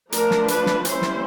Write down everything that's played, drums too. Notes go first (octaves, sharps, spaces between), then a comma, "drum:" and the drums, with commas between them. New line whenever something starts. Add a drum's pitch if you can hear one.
F3 A3 D4 A#4, drum: hi-hat
drum: snare
B4, drum: hi-hat
drum: snare
E3 G3 A#3 C#4 E4 C5, drum: hi-hat
drum: snare